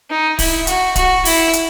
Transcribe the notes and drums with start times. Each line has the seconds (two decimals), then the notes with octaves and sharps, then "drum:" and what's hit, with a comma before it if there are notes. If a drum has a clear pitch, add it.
0.10 D#4
0.39 E4, drum: kick D1, open hi-hat
0.67 F#4, drum: hi-hat
0.96 F#4, drum: kick D1, hi-hat
1.25 E4, drum: open hi-hat
1.53 drum: hi-hat